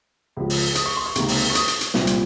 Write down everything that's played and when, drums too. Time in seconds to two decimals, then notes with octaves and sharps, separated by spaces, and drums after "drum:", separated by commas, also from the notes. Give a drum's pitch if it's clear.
0.37 C#2 C#3 F3
0.50 drum: open hi-hat
0.75 D#6, drum: hi-hat
0.86 C#6
0.97 C6
1.06 C#6
1.15 C#2 C3 D#3 A#3, drum: hi-hat
1.28 drum: open hi-hat
1.50 C#6
1.55 D#6, drum: hi-hat
1.68 drum: hi-hat
1.81 drum: hi-hat
1.94 C2 A#2 F3 C4, drum: snare
2.07 drum: hi-hat